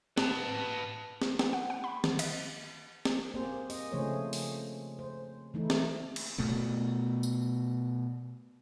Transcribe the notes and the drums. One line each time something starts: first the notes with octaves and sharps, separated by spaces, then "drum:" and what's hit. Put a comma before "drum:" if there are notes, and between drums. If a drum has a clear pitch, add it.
B4 A5, drum: snare
drum: snare
B3, drum: snare
F#5
F#5
B5
D#3, drum: snare
D#5, drum: cymbal
drum: snare
A#3 C4 G4 G#4 C5
D#5, drum: open hi-hat
C#3 F3 A3 G#4 C5 C#5
drum: open hi-hat
C5
E3 A3 D#4 E4
drum: snare
drum: cymbal
B2 A3 B3
drum: tambourine